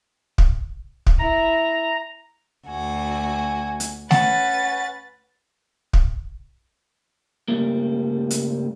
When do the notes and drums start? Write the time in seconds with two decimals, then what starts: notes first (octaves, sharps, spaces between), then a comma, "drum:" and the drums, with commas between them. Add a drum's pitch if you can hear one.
0.38 drum: kick
1.07 drum: kick
1.19 E4 A#5
2.67 D2 F#4 G#5
3.80 drum: hi-hat
4.11 C#4 B4 F#5 A6, drum: snare A3
5.93 drum: kick
7.48 C#2 G2 C#3 G3 A3 A#3
8.31 drum: hi-hat